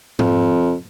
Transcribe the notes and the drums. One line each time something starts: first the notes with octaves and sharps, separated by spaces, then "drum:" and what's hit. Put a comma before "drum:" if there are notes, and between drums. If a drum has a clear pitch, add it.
F2, drum: tom G#2